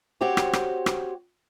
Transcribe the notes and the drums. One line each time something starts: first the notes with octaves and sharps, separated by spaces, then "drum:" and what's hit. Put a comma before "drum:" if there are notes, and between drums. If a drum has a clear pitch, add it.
C4 F#4 G4 C5 C#5
drum: rim click
drum: rim click
drum: rim click